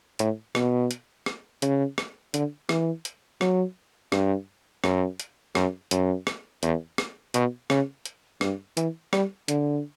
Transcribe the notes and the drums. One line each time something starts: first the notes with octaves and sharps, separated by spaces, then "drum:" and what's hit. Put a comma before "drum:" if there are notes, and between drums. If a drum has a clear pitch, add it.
A2, drum: hi-hat
B2, drum: rim click
drum: hi-hat
drum: rim click
C#3, drum: hi-hat
drum: rim click
D3, drum: hi-hat
E3, drum: rim click
drum: hi-hat
F#3, drum: rim click
G2, drum: rim click
F#2, drum: rim click
drum: hi-hat
F#2, drum: rim click
F#2, drum: hi-hat
drum: rim click
E2, drum: hi-hat
drum: rim click
B2, drum: hi-hat
C#3, drum: rim click
drum: hi-hat
G2, drum: rim click
E3, drum: hi-hat
G3, drum: rim click
D3, drum: hi-hat